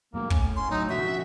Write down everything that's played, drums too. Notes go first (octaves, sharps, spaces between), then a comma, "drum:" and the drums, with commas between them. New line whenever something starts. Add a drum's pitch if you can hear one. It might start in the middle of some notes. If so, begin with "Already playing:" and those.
F#2 B2 G#3 A#3
A2 C#4, drum: kick
C#4 C6
A2 F#3 D#4
B2 D3 E3 F#4 E5
F3 F#3 C#4